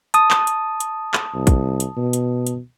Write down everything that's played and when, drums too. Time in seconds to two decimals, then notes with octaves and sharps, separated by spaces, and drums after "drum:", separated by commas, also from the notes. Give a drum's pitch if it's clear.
0.14 A5 D#6, drum: hi-hat
0.31 drum: clap
0.47 drum: hi-hat
0.80 drum: hi-hat
1.14 drum: clap
1.35 C2
1.47 drum: kick, hi-hat
1.80 drum: hi-hat
1.97 B2
2.13 drum: hi-hat
2.47 drum: hi-hat